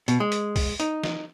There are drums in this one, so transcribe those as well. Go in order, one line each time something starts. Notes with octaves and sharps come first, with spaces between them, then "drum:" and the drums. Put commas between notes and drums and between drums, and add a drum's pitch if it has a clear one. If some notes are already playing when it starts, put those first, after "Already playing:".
B2, drum: hi-hat
G#3
drum: hi-hat
drum: kick, open hi-hat
D#4, drum: hi-hat
drum: snare